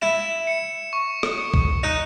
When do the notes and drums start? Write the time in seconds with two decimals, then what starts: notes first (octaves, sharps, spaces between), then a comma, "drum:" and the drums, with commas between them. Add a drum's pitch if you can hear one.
0.01 E4 E7
0.47 C#7
0.93 C#6
1.23 drum: rim click
1.38 C#7
1.54 drum: kick B1
1.83 D#4 F#6